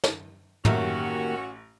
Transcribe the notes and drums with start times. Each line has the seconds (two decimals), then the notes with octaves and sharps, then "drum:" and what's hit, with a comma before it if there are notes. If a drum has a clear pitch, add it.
0.04 drum: snare
0.65 A1 D#3 A#3 C#4 F#4 G4 C#5 E5, drum: tom